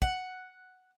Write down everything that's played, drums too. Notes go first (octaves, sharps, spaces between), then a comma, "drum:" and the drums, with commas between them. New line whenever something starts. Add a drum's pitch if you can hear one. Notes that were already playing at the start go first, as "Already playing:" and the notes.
F#5, drum: kick